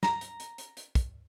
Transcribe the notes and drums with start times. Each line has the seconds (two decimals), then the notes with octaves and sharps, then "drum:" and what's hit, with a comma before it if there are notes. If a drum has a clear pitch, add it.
0.03 A#5, drum: snare
0.21 drum: hi-hat
0.40 drum: hi-hat
0.58 drum: hi-hat
0.77 drum: hi-hat
0.95 drum: kick, hi-hat